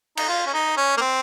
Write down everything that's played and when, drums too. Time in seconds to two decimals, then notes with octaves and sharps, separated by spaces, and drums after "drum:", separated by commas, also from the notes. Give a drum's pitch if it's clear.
0.17 D#4, drum: cymbal
0.29 F4
0.46 C#4
0.54 D#4
0.77 C#4
0.97 A#3
1.01 C4